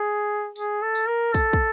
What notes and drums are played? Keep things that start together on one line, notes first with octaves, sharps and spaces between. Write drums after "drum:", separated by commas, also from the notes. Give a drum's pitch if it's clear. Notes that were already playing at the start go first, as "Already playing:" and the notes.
Already playing: G#4
G#4, drum: tambourine
A4
drum: tambourine
A#4
A4, drum: kick, tambourine
drum: kick